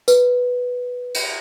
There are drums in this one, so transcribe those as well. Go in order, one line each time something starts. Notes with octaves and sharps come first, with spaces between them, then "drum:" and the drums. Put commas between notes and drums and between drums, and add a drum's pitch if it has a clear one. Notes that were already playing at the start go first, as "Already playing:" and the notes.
B4, drum: tambourine
drum: cymbal